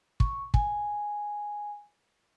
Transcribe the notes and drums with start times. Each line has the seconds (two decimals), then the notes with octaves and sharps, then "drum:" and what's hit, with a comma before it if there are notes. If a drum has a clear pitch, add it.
0.20 C#6, drum: kick
0.54 G#5, drum: kick